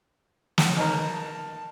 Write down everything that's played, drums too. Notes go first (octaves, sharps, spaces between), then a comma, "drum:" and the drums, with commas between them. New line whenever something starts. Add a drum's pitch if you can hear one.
drum: snare
B2 D#4 A#4 A5